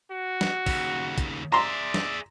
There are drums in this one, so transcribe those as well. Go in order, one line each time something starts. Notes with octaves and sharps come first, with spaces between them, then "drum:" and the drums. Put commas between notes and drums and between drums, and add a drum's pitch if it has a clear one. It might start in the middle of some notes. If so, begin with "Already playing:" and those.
F#4
drum: snare
D#2 C#3, drum: kick, open hi-hat
drum: kick, hi-hat
G#4 D5 E5 A#5 C6
drum: snare